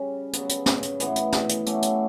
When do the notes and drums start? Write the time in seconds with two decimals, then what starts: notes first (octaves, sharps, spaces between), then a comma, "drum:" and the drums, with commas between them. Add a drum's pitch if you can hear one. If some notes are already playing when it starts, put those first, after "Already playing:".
Already playing: C#3 G3 C#4
0.33 C#3 F#3 B3, drum: hi-hat
0.49 drum: hi-hat
0.66 drum: snare
0.83 drum: hi-hat
1.00 A2 E3 B3, drum: hi-hat
1.16 drum: hi-hat
1.32 drum: snare
1.49 drum: hi-hat
1.66 F#3 A3 C#4 G4, drum: hi-hat
1.82 drum: hi-hat